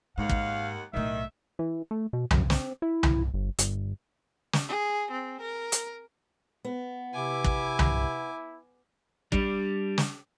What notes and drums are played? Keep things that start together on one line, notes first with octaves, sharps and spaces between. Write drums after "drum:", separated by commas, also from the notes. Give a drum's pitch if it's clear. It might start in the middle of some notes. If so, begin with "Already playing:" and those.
D#2 G#2 F5 F#5
drum: kick
B1 A2 D#3 E5
E3
A3
B2
F#2, drum: tom C2
C4, drum: snare
E4
drum: tom C2
G1
G1, drum: hi-hat
drum: snare
G#4
C4
A#4
drum: hi-hat
B3
C3 E4 G#5 D6
drum: kick
drum: tom C2
G3 D4, drum: kick
drum: snare